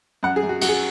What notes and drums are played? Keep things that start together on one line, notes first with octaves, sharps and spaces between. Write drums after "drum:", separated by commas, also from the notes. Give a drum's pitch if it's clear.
F#2 F#5
G#4
F#2
F#4
F#2 F#4, drum: cymbal
G#4